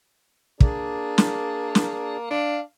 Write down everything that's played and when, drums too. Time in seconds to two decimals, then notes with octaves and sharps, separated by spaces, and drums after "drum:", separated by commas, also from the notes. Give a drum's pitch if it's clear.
0.60 A#3 D4 G#4 D5, drum: kick
1.18 drum: snare
1.75 drum: snare
2.31 D4 F5